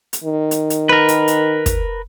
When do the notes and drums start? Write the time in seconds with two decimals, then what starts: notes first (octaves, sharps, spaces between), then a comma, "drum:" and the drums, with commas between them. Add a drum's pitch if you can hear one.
0.13 drum: hi-hat
0.24 D#3
0.51 drum: hi-hat
0.70 drum: hi-hat
0.89 A#4 B4
1.08 drum: hi-hat
1.28 drum: hi-hat
1.66 drum: kick, hi-hat